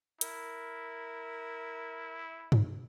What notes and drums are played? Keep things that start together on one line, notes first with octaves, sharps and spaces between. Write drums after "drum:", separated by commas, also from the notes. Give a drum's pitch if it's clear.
E4 A#4, drum: hi-hat
drum: tom G2